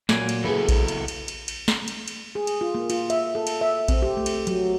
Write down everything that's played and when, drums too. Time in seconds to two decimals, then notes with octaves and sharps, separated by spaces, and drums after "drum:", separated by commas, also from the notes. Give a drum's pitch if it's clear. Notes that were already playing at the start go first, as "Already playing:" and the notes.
0.09 A#2 F#3 A#3 G#5, drum: snare
0.29 drum: cymbal
0.45 C#3 E4 G#4 A4 B4
0.69 drum: kick A#1, cymbal
0.88 drum: cymbal
1.08 drum: cymbal
1.28 drum: cymbal
1.48 drum: cymbal
1.68 drum: snare
1.88 drum: cymbal
2.08 drum: cymbal
2.35 G#4
2.47 drum: cymbal
2.61 F4
2.75 A#3
2.90 F4, drum: cymbal
3.10 E5, drum: cymbal
3.35 A4
3.47 drum: cymbal
3.61 E5
3.88 C4, drum: kick A#1, cymbal
4.02 G4
4.17 A3
4.26 drum: cymbal
4.47 F#3, drum: cymbal